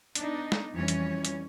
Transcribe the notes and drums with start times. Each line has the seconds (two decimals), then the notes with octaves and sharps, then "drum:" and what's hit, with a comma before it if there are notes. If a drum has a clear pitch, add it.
0.15 B3 D4 D#4, drum: hi-hat
0.52 drum: snare
0.73 F2 E3 G3 C#4 C#5
0.88 drum: hi-hat
1.25 drum: hi-hat